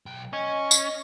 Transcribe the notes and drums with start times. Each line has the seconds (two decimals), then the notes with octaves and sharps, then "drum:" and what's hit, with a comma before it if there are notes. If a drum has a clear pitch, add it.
0.06 B1 G5
0.33 C#4 D#5
0.71 drum: tambourine